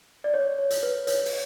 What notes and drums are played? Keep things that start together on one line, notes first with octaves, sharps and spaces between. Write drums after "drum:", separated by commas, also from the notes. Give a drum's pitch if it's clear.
D5
C#5
C#5
drum: hi-hat
B4
C#5, drum: hi-hat
drum: open hi-hat